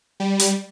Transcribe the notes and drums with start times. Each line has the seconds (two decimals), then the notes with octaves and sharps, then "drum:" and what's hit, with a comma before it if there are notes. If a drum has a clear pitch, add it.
0.20 G3
0.40 drum: hi-hat